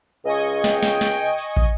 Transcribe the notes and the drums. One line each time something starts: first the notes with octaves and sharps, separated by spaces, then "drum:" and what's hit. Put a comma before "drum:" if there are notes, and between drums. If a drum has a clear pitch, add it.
C#2 D#5 G#5 C#6
G5, drum: snare
drum: snare
drum: snare
drum: open hi-hat
drum: kick